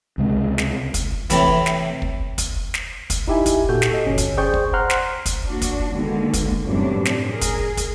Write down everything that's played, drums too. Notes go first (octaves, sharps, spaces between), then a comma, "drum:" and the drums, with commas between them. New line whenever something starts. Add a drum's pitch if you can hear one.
C#2 C3 G#3
drum: snare
drum: kick, hi-hat
A2 C3 E3, drum: kick, hi-hat
drum: snare
drum: kick
drum: kick, hi-hat
drum: snare
drum: kick, hi-hat
D#4 E4 G4 E5 G#5
drum: kick, hi-hat
A#2 F#4 G4 A4 G6
drum: snare
A4 D#5
G1 C#4
drum: kick, hi-hat
G#4 C5 D5 G5 C#6 G6
drum: kick
C5 F#5 A#5 C6 F6 F#6
drum: snare
drum: kick, hi-hat
A#3 D4 F#4
drum: kick, hi-hat
B2 D3 D#3 G#3 A#3
drum: kick, hi-hat
F#2 A2 C3 E3 G3 D4
drum: snare
G#4 A#4
drum: kick, hi-hat
drum: kick, hi-hat